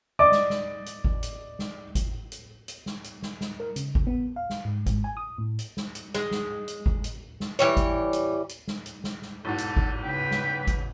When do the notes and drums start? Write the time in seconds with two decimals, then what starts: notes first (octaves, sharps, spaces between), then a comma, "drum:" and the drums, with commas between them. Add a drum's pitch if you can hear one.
0.19 D5 D#5 D6
0.32 drum: snare
0.50 drum: snare
0.86 drum: hi-hat
1.04 drum: kick G#1
1.23 drum: hi-hat
1.59 drum: snare
1.95 drum: kick G#1, hi-hat
2.32 drum: hi-hat
2.68 drum: hi-hat
2.86 drum: snare
3.04 drum: hi-hat
3.22 drum: snare
3.41 drum: snare
3.60 A#4
3.76 C#3, drum: hi-hat
3.95 drum: kick G#1
4.07 B3
4.36 F5
4.50 drum: snare
4.65 G#2
4.86 G#2, drum: kick G#1, hi-hat
5.04 G#5
5.17 D#6
5.38 A2
5.59 drum: hi-hat
5.77 drum: snare
5.95 drum: hi-hat
6.15 G#3, drum: snare
6.31 drum: snare
6.68 drum: hi-hat
6.86 drum: kick G#1
7.04 drum: hi-hat
7.40 drum: snare
7.59 E3 G3 C#5
7.77 drum: kick G#1, hi-hat
8.13 drum: hi-hat
8.49 drum: hi-hat
8.68 drum: snare
8.86 drum: hi-hat
9.04 drum: snare
9.22 drum: snare
9.45 B1 E2 G#2 A4
9.58 drum: hi-hat
9.77 drum: kick G#1
10.03 C#3 B4 G5
10.31 drum: snare
10.67 drum: kick G#1, hi-hat